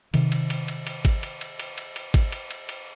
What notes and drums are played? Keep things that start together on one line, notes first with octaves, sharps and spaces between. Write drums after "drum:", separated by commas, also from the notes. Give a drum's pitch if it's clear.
C3 D#3, drum: cymbal
drum: cymbal
drum: cymbal
drum: cymbal
drum: cymbal
drum: kick G#1, cymbal
drum: cymbal
drum: cymbal
drum: cymbal
drum: cymbal
drum: cymbal
drum: kick G#1, cymbal
drum: cymbal
drum: cymbal
drum: cymbal